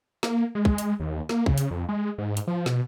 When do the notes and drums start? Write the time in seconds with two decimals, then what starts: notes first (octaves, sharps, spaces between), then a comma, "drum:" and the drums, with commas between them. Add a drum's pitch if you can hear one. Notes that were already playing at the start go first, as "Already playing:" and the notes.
0.23 A#3, drum: snare
0.55 G#3
0.65 drum: kick
0.78 drum: hi-hat
1.00 D#2
1.29 A#3, drum: snare
1.46 C#3, drum: kick
1.58 drum: hi-hat
1.71 F2
1.89 G#3
2.18 G#2
2.37 drum: hi-hat
2.47 F3
2.66 B2, drum: snare